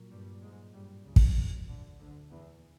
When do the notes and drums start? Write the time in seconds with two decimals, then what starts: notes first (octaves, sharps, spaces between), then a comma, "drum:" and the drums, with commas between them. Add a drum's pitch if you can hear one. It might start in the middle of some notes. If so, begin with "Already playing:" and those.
Already playing: A#2 F#3 A#3
0.10 G2 G3
0.41 G#2 G#3
0.73 G2 G3
1.04 C#2 C#3
1.16 drum: kick
1.36 D2 D3
1.68 D2 D3
1.99 D2 D3
2.30 E2 E3